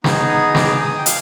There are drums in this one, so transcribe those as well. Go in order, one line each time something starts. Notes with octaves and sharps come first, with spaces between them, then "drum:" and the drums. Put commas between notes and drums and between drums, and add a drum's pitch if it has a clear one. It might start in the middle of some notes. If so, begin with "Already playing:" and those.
B3 D#4 G#4, drum: snare
D#6
D6, drum: snare
D#6
G5
F5, drum: hi-hat